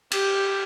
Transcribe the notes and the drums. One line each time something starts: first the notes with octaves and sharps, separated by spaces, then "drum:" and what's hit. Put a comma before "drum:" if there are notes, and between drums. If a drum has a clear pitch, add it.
G4, drum: cymbal